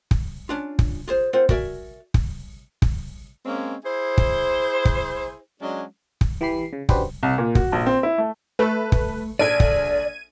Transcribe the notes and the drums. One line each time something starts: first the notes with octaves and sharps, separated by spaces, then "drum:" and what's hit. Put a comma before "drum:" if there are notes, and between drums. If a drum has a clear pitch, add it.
drum: kick
C#4 D4 F4
drum: kick
F4 G#4 C5
C4 F4 A#4 C5 F#5
F#4 A#4 D5 E5 G#5, drum: kick
drum: kick
drum: kick
G#3 A#3 C4 C#4
E4 G#4 C5
drum: kick
drum: kick
F#3 G#3 C#4 D4
drum: kick
E3 G4 B5 C7
C#3
C#4 D4 F#4 G4 B4 C5, drum: kick
C2
A#2
F#4, drum: kick
A#1
C4
E4
A3
A3 B4 A5
drum: kick
A#1 A4 D5 G#6 D7 D#7
drum: kick